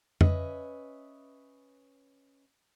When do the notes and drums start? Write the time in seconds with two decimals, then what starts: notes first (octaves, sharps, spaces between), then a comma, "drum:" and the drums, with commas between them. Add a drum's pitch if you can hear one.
0.21 C#4 B4 D#5 E5, drum: tom F2